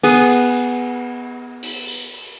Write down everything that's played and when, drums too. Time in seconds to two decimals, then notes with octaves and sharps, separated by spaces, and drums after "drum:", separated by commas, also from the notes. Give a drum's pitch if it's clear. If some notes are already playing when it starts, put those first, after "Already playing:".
0.03 B3 G#4, drum: cymbal
1.63 drum: open hi-hat
1.88 drum: tambourine